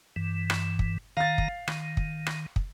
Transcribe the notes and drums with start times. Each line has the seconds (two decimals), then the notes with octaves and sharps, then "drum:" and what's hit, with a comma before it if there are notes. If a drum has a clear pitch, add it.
0.16 G2 E3
0.50 drum: rim click
0.79 drum: kick
1.17 D#3 F5 A#5 A6
1.38 drum: kick
1.68 D#3, drum: rim click
1.97 drum: kick
2.26 drum: rim click
2.56 drum: kick